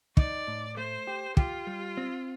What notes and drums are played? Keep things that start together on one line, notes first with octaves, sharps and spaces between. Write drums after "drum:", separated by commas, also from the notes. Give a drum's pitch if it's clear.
D#4 D5, drum: kick
A2
A3 C5
G4
F4 G4, drum: kick
G3
C4